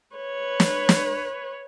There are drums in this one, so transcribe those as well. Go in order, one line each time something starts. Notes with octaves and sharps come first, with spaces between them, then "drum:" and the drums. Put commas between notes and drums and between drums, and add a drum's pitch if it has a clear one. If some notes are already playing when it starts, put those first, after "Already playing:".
B4 C#5
drum: snare
drum: snare